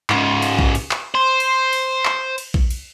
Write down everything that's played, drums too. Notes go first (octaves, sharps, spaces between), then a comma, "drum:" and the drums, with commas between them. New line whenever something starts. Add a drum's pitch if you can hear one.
G#2 C#3, drum: clap
drum: cymbal
drum: kick A#1
drum: cymbal
drum: clap
C5
drum: cymbal
drum: cymbal
drum: clap
drum: cymbal
drum: kick A#1
drum: cymbal